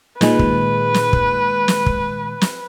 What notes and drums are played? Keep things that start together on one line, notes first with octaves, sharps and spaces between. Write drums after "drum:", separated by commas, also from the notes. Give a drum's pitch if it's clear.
A#2 D#3 G#3 B4, drum: snare
drum: kick
drum: snare
drum: kick
drum: snare
drum: kick
drum: snare